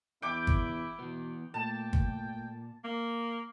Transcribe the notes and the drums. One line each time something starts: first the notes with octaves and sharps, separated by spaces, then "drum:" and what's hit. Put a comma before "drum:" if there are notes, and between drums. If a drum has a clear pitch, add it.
E2 E4 G5 D6
drum: kick
B2 E3 B3
A#2 A3 G5 A5
drum: kick
A#3